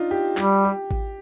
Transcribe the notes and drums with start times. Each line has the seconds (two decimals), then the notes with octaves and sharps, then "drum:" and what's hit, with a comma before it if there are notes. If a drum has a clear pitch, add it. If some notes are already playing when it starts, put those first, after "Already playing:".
Already playing: D4 D#4 F4
0.11 G4
0.37 G3 G4, drum: clap
0.65 G4
0.91 drum: kick A1